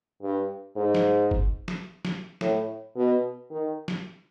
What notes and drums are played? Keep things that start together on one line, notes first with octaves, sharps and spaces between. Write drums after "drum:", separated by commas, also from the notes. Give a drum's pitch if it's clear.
G2
G#2
drum: snare
drum: kick
drum: snare
drum: snare
A2, drum: snare
B2
D#3
drum: snare